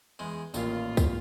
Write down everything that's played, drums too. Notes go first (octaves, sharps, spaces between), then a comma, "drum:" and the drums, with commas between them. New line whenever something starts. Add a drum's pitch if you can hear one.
E2 G#3
A1 D#2 A#2 F4 A#4 F5, drum: tambourine
drum: kick, tambourine